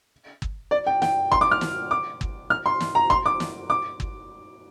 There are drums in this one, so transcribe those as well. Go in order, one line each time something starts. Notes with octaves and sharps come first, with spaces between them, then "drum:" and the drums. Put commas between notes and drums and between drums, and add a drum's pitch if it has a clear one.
drum: kick
D5
G5
G5, drum: snare
C6, drum: kick
D6
F6
drum: snare
D6
drum: kick
F6
C6
drum: snare
A#5
C6, drum: kick
D6
drum: snare
D6
drum: kick